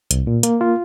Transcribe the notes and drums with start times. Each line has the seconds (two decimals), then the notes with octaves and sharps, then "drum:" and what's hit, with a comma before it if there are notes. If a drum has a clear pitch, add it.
0.11 C2, drum: hi-hat
0.27 A#2
0.43 A#3, drum: hi-hat
0.61 F4